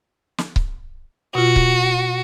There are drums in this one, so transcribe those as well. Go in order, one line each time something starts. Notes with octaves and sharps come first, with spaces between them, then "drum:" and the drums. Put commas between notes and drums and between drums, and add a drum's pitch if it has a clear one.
drum: snare
drum: kick C#1
B2 F4 F#4
drum: kick C#1